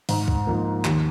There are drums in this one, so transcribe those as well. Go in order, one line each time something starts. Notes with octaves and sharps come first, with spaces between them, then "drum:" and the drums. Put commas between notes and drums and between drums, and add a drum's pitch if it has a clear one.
G#2, drum: open hi-hat
drum: kick C2
F3 A#3 D#4
D#2, drum: clap